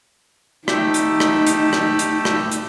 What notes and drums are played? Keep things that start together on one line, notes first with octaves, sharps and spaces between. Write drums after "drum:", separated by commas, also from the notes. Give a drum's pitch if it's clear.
A3 D#4 G4 E6, drum: rim click
drum: hi-hat
drum: rim click
drum: hi-hat
drum: rim click
drum: hi-hat
drum: rim click
drum: hi-hat